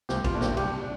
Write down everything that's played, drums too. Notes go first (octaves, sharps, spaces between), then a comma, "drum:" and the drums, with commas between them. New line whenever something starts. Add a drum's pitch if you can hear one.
C2 G4, drum: snare
F4, drum: kick, cymbal
A#2 A3 D4
G4, drum: snare
C2 G4, drum: cymbal
D4